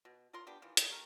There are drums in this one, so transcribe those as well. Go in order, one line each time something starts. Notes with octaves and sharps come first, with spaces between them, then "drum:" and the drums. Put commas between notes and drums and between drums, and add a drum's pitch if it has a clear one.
B2
F4 A#4 A#5 C6
B3 D4 G4
D#3 E3 F4
B3 D#4, drum: hi-hat
G3 A3 A#4